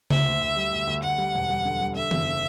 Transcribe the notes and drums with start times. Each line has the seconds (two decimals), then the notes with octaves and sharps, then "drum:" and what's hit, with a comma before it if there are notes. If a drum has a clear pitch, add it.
0.10 D2 E5, drum: tom C#3
0.26 D2
0.41 D2
0.56 G3
0.73 D2
0.87 D2
1.03 D2 F#5
1.18 G3
1.34 E1
1.49 G3
1.65 D3
1.80 G3
1.96 D3 E5
2.11 F#1, drum: tom D#3